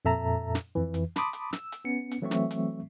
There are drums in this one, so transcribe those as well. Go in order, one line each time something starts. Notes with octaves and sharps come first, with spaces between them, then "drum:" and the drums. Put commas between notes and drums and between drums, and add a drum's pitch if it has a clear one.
F2 A#2 A4 E5 A5 A#5
drum: snare
F2 E3
drum: hi-hat
A5 B5 C6 D6 D#6, drum: snare
drum: hi-hat
E6, drum: snare
drum: hi-hat
B3 C#4 C#7
drum: hi-hat
E3 F#3 A3 C4 E5 C#6
drum: snare
drum: hi-hat